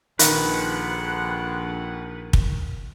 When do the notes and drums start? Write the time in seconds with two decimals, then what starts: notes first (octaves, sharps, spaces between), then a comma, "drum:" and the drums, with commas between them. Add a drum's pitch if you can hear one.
0.19 A#1 F2 D#3 B4 F#5, drum: hi-hat
2.33 drum: kick